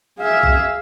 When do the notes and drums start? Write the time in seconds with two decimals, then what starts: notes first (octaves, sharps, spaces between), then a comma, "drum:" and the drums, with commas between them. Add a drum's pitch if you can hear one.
0.19 G#4 E5 F5
0.43 drum: kick A#1